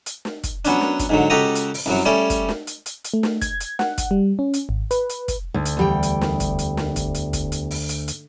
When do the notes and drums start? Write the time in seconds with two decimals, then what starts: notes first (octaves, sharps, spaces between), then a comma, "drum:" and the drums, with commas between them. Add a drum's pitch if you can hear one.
0.06 drum: hi-hat
0.25 drum: snare
0.44 drum: kick, hi-hat
0.65 F#3 B3 C#4 D4, drum: hi-hat
0.81 drum: snare
0.99 drum: kick, hi-hat
1.09 G#2 D3 F#3
1.30 C#2 F#4 G4 A4 A#5 D#6
1.55 drum: hi-hat
1.74 drum: open hi-hat
1.86 C2 F#2 F#3
2.05 G3 A3 C#4 D5
2.30 drum: kick, hi-hat
2.49 drum: snare
2.67 drum: hi-hat
2.86 drum: hi-hat
3.05 drum: hi-hat
3.14 A3
3.23 drum: snare
3.42 G#6, drum: kick, hi-hat
3.60 drum: hi-hat
3.79 F#5, drum: snare
3.98 drum: kick, hi-hat
4.11 G3
4.39 C#4
4.54 drum: hi-hat
4.69 G#1
4.91 B4, drum: hi-hat
5.10 drum: hi-hat
5.28 drum: kick, hi-hat
5.54 D2
5.66 drum: hi-hat
5.77 E2 G3 G5
6.03 drum: hi-hat
6.21 drum: snare
6.40 drum: kick, hi-hat
6.59 drum: hi-hat
6.77 drum: snare
6.96 drum: kick, hi-hat
7.15 drum: hi-hat
7.33 drum: kick, hi-hat
7.52 drum: hi-hat
7.71 drum: open hi-hat
7.89 drum: hi-hat
8.08 drum: hi-hat